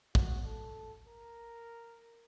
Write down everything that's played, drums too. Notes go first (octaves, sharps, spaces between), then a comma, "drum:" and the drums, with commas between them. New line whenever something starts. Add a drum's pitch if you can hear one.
F#4, drum: kick
A4
A#4